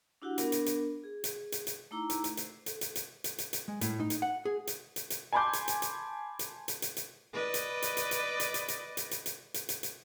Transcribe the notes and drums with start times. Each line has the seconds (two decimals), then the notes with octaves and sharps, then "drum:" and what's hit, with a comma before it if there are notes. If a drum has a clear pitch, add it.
0.22 D4 E4 F#4 G4 F#5
0.38 B3 D4 A#4, drum: hi-hat
0.52 drum: hi-hat
0.66 drum: hi-hat
1.04 G#4
1.24 drum: hi-hat
1.52 drum: hi-hat
1.67 drum: hi-hat
1.91 A3 D#4 E4 A#5 D6 E6
2.10 drum: hi-hat
2.24 drum: hi-hat
2.37 C5, drum: hi-hat
2.66 A4, drum: hi-hat
2.81 drum: hi-hat
2.96 drum: hi-hat
3.24 drum: hi-hat
3.38 drum: hi-hat
3.53 drum: hi-hat
3.68 G#3
3.81 A2, drum: hi-hat
4.00 D#4
4.10 drum: hi-hat
4.22 F#5
4.45 G#4
4.67 drum: hi-hat
4.96 drum: hi-hat
5.10 drum: hi-hat
5.33 G#5 A5 B5 C6 D6 G6
5.53 drum: hi-hat
5.68 drum: hi-hat
5.82 drum: hi-hat
6.39 drum: hi-hat
6.68 drum: hi-hat
6.82 drum: hi-hat
6.97 drum: hi-hat
7.33 B4 D5 D#5
7.54 drum: hi-hat
7.82 drum: hi-hat
7.97 drum: hi-hat
8.11 drum: hi-hat
8.40 drum: hi-hat
8.54 drum: hi-hat
8.68 drum: hi-hat
8.97 drum: hi-hat
9.11 drum: hi-hat
9.26 drum: hi-hat
9.54 drum: hi-hat
9.69 drum: hi-hat
9.83 drum: hi-hat